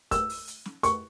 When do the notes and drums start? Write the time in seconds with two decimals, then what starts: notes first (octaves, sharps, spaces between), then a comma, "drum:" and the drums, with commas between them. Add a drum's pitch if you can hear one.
0.11 E6, drum: kick, hi-hat
0.29 drum: open hi-hat
0.47 drum: hi-hat
0.65 drum: snare
0.83 C#6, drum: hi-hat